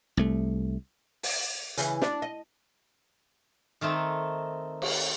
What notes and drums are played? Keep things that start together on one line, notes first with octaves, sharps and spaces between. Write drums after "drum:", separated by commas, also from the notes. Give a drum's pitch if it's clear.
C2 A3
drum: open hi-hat
C#3 E3, drum: hi-hat
D4, drum: snare
D#5
D#3 A3 C4 D#4
drum: cymbal